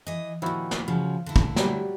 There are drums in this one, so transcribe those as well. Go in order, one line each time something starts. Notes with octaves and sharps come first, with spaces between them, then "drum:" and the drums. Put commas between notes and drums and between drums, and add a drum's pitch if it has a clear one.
E3 D#5
A#2 D#3 F3 E4 F#4
drum: snare
C#3 F3 F#3 F4
D3 E4
drum: kick
F#3 G3, drum: snare